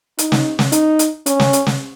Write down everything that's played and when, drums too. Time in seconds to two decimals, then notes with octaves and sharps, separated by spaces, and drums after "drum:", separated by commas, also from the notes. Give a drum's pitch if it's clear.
0.19 D#4, drum: hi-hat
0.32 drum: snare
0.59 drum: snare
0.72 D#4, drum: hi-hat
0.99 drum: hi-hat
1.26 C#4, drum: hi-hat
1.40 drum: snare
1.53 drum: hi-hat
1.66 drum: snare